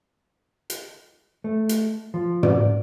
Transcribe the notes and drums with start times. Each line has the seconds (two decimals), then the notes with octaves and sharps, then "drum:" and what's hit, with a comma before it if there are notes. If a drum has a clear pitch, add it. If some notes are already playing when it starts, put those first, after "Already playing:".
0.70 drum: hi-hat
1.44 A3
1.69 drum: hi-hat
2.14 F3
2.43 D5, drum: tom